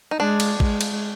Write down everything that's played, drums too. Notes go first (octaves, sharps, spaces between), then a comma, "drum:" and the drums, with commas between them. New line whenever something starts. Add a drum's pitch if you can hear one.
D#4
G#3 D4
drum: cymbal
G#3, drum: kick
drum: cymbal